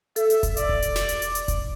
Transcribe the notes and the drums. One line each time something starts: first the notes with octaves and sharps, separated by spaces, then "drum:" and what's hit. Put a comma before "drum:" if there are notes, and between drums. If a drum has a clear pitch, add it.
A4 E5, drum: hi-hat
drum: hi-hat
drum: kick E1, hi-hat
D5, drum: hi-hat
drum: kick E1
drum: hi-hat
drum: snare
drum: hi-hat
drum: hi-hat
drum: hi-hat
drum: kick E1, hi-hat